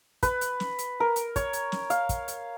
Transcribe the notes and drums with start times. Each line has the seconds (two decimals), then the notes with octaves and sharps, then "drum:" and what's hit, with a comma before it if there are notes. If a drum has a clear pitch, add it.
0.23 B4, drum: kick, hi-hat
0.41 drum: hi-hat
0.60 drum: snare
0.79 drum: hi-hat
1.00 A#4
1.16 drum: hi-hat
1.36 C#5, drum: kick, hi-hat
1.53 drum: hi-hat
1.72 drum: snare
1.90 F5, drum: hi-hat
2.09 drum: kick, hi-hat
2.28 drum: hi-hat